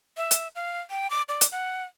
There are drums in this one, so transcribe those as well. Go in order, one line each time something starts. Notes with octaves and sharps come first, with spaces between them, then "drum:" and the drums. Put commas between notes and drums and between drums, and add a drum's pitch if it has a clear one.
E5
drum: hi-hat
F5
G5
D6
D5
drum: hi-hat
F#5